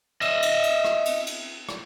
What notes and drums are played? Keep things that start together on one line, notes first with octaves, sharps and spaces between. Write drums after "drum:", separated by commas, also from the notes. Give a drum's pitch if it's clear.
D#5 E5, drum: cymbal
drum: cymbal
drum: cymbal
drum: rim click
drum: cymbal
drum: cymbal
drum: rim click